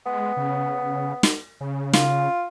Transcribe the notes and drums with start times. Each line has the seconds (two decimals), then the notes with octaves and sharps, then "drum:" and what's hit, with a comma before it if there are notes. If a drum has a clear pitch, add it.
0.06 G#3 B3
0.37 C#3
1.23 drum: snare
1.61 C#3
1.93 F4, drum: snare